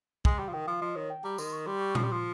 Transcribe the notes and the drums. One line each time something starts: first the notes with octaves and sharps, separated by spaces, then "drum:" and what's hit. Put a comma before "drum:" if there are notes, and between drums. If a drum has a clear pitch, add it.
G#3 G#5, drum: kick
G3 G5
F3 F5
D#3 G5
F3 F5
F3 D#5
D#3 C#5
G5
G3 A#5
D#3 C6, drum: tambourine
C#6
G3 C6
C#6
F3 C6, drum: tom A#2
G3
F3